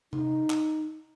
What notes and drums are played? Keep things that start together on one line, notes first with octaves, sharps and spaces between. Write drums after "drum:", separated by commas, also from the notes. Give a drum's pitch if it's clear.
D#4, drum: tom C3
drum: clap